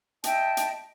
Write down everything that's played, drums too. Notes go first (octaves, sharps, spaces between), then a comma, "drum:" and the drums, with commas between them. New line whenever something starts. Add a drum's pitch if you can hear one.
D#5 E5 G5 A5, drum: hi-hat
drum: hi-hat